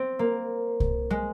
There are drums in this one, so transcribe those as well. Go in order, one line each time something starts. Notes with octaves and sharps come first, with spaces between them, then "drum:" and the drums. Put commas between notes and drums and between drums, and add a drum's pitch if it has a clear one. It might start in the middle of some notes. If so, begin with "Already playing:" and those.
Already playing: C4
A#3
drum: kick C2
G#3